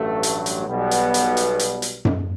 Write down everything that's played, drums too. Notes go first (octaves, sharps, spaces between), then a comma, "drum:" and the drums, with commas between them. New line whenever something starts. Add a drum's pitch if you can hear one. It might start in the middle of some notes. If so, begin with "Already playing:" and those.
Already playing: A1 G2 F#3 A3
drum: hi-hat
drum: hi-hat
B1 B2 G3 B3
drum: hi-hat
drum: hi-hat
drum: hi-hat
drum: hi-hat
drum: hi-hat
drum: tom F#2